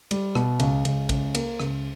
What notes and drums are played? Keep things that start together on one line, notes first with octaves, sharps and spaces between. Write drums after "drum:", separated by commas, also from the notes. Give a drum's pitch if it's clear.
G3, drum: cymbal
B2, drum: rim click
C#2, drum: cymbal
C#2, drum: cymbal
C#2, drum: kick, cymbal
A#3, drum: cymbal
C#2, drum: rim click